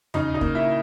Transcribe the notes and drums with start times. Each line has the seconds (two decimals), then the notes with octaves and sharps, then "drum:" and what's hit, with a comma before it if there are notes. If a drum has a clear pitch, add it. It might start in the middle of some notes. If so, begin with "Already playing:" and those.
0.14 C#3 D#4 D#5, drum: tom D#2
0.34 D#4 D#5
0.41 A#3, drum: kick
0.55 E4 E5